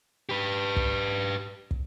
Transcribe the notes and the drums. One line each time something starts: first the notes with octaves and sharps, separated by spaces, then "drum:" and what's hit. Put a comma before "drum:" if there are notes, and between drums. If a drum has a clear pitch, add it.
G4 B4
drum: kick
drum: kick